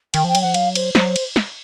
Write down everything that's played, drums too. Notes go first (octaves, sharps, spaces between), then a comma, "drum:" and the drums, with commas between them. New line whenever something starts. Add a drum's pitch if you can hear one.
D#3 G5, drum: cymbal
F3 G5
F#3, drum: cymbal
F3 F#5
F#3 F5, drum: cymbal
C5, drum: cymbal
F#3 C5, drum: snare
drum: cymbal
drum: snare